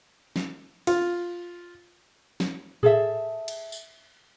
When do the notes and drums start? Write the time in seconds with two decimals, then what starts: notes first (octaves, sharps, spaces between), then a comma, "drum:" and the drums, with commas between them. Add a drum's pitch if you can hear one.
0.36 drum: snare
0.87 F4, drum: cymbal
2.40 drum: snare
2.83 G#4 A4 E5, drum: tom A2
3.48 drum: cymbal
3.72 drum: tambourine